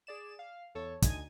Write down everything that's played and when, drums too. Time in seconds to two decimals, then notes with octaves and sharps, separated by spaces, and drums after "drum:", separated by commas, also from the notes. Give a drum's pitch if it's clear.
0.07 G#4 D5 E7
0.39 F5
0.75 E2 A4 C#5
1.02 D2 D3 D#4 G#5 G#6 D#7, drum: kick, hi-hat